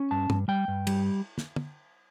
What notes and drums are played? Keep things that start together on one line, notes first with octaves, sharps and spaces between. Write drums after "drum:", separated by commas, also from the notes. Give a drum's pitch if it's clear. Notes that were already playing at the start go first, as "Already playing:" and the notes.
Already playing: C#4
G2 A5
G2, drum: tom
G3 G5
G2
G3, drum: cymbal
drum: snare
drum: tom